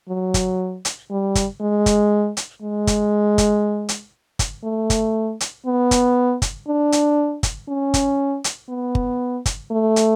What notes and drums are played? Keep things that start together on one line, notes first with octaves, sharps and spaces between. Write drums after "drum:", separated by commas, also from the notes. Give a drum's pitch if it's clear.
F#3
drum: kick G1, hi-hat
drum: hi-hat
G3
drum: kick G1, hi-hat
G#3
drum: kick G1, hi-hat
drum: hi-hat
G#3
drum: kick G1, hi-hat
drum: kick G1, hi-hat
drum: hi-hat
drum: kick G1, hi-hat
A3
drum: kick G1, hi-hat
drum: hi-hat
B3
drum: kick G1, hi-hat
drum: kick G1, hi-hat
D4
drum: hi-hat
drum: kick G1, hi-hat
C#4
drum: kick G1, hi-hat
drum: hi-hat
B3
drum: kick G1
drum: kick G1, hi-hat
A3
drum: hi-hat